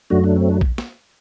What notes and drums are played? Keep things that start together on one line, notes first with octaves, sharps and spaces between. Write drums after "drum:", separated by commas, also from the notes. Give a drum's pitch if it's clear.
F#2 F#3 A3 D4 F#4
D4
C4
D4
drum: kick A#1
drum: snare